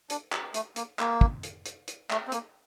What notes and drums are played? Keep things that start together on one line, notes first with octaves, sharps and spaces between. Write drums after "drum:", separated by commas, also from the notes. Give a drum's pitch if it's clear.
D4, drum: hi-hat
drum: clap
A3, drum: hi-hat
A#3, drum: hi-hat
A#3, drum: clap
drum: kick
drum: hi-hat
drum: hi-hat
drum: hi-hat
A3, drum: clap
C4
A#3, drum: hi-hat